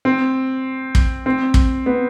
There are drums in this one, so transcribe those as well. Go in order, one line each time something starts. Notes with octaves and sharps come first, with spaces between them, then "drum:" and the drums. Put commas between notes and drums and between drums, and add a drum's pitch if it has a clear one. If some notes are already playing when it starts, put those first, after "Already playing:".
C4
drum: kick
C4
drum: kick
B3